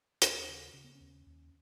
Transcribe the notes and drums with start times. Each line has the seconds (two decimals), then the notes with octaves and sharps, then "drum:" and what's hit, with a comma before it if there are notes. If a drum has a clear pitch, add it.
0.22 D#2 C#4, drum: hi-hat
0.48 C#3
0.74 C#3 C#4
0.85 B3
0.95 C#4
1.00 D#2
1.26 D#2